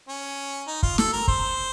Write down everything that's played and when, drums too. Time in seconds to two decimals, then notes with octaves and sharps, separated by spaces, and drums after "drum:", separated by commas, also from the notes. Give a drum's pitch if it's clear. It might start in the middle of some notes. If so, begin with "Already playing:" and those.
0.08 C#4
0.67 D#4
0.83 F4, drum: kick
0.98 A4, drum: snare
1.13 A#4
1.28 C5, drum: kick